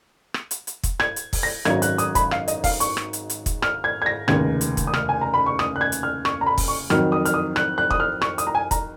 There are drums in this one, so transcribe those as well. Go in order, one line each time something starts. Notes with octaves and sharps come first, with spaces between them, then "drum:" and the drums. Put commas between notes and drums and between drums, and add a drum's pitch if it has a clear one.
drum: rim click
drum: hi-hat
drum: hi-hat
drum: kick, hi-hat
G#6, drum: rim click
drum: hi-hat
drum: kick, open hi-hat
A#6
G#1 G#2 F#3 C#4 G#6, drum: rim click
F#6, drum: hi-hat
D#6, drum: hi-hat
B5, drum: kick, hi-hat
F5, drum: rim click
D#5, drum: hi-hat
F5, drum: kick, open hi-hat
C#6, drum: hi-hat
drum: rim click
drum: hi-hat
drum: hi-hat
drum: kick, hi-hat
F6, drum: rim click
G#6
G#6
A#6
F1 D#2 C#3 G#6, drum: rim click
drum: hi-hat
drum: kick, hi-hat
D#6
F6, drum: rim click
G#5
A#5
B5
C#6
D#6, drum: rim click
F#6
G#6
drum: hi-hat
F6
C#6, drum: rim click
A#5
B5
drum: kick, open hi-hat
C#6
F2 D#3 F#3 F6, drum: rim click
D#6
F6, drum: hi-hat
D#6
F#6, drum: rim click
F#6
D#6, drum: kick
F6
C#6, drum: rim click
D#6, drum: hi-hat
A#5
G#5
A#5, drum: kick, hi-hat